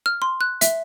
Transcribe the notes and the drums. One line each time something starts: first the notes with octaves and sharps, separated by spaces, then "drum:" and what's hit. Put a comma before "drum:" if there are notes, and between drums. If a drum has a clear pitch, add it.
F6
C6
F#6
E5, drum: hi-hat